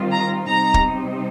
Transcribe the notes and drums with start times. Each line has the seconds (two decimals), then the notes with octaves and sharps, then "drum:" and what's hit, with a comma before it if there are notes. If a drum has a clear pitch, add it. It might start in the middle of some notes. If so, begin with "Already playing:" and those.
Already playing: D#3 G3 C4 F4
0.12 A#5
0.49 C3 G3 C4 D#4 A#5
0.74 drum: kick